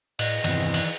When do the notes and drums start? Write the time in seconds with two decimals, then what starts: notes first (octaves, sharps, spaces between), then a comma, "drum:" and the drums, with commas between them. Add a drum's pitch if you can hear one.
0.19 A2 D#5, drum: cymbal
0.44 E2 G2 C3 D#3 E3, drum: cymbal
0.74 drum: cymbal